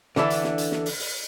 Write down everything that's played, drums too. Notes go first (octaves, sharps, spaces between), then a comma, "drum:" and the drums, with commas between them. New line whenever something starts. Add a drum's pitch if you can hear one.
D3 E3 D4 E4 A4, drum: snare
drum: hi-hat
drum: snare
drum: hi-hat
drum: snare
drum: open hi-hat
drum: open hi-hat